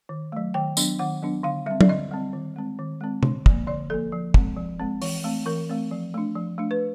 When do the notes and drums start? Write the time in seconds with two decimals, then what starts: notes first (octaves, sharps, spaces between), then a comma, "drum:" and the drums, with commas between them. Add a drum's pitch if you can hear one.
0.09 D#3
0.32 F#3 A3
0.54 D#3 G5
0.77 F#3 B3 D4, drum: tambourine
0.99 D#3 F#5
1.22 F#3 B3 D4
1.43 D3 F5
1.66 G3 C4 E5
1.81 D5, drum: tom
1.88 D3 D#5
2.11 G3 C4
2.33 D#3
2.56 G#3 C4
2.79 D#3
3.01 G#3 C4
3.23 D3, drum: tom C3
3.46 F3 A#3, drum: kick
3.67 D3 D5
3.90 F3 A#3 A4
4.12 F3
4.34 G#3 C4, drum: kick
4.57 F3
4.80 G#3 C4
5.02 E3, drum: open hi-hat
5.24 A3 C4
5.46 E3 A#4
5.70 A3 C4
5.91 F3
6.14 A3 D4
6.36 F3
6.58 A3 D4
6.71 B4